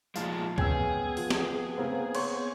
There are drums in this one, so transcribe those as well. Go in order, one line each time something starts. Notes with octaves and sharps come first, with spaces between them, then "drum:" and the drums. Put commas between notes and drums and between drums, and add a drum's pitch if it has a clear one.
A#2 F3 G#3 F5 A5, drum: tambourine
B3 C#4 G#4 G5 G#5 E6, drum: kick C#2
F3, drum: open hi-hat
drum: snare
C#3 A#3 C4
C5 C#5, drum: cymbal